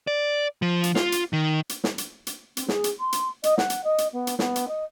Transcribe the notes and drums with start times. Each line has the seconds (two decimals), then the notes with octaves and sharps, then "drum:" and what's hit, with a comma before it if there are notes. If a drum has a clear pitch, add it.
0.07 D5
0.62 F3
0.84 drum: hi-hat
0.95 F4, drum: snare
1.12 drum: hi-hat
1.33 D#3
1.69 drum: hi-hat
1.84 drum: snare
1.98 drum: hi-hat
2.27 drum: hi-hat
2.57 C4, drum: hi-hat
2.68 G#4, drum: snare
2.84 drum: hi-hat
3.00 C6
3.12 drum: hi-hat
3.43 D#5, drum: hi-hat
3.58 F#5, drum: snare
3.70 drum: hi-hat
3.84 D#5
3.98 drum: hi-hat
4.13 B3
4.27 drum: hi-hat
4.39 B3, drum: snare
4.56 drum: hi-hat
4.68 D#5